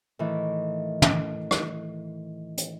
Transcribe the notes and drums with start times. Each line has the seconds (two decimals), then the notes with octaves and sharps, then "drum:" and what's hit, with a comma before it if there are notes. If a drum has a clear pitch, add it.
0.19 A2 D#3 E3
1.02 drum: tom
1.51 drum: rim click
2.58 drum: hi-hat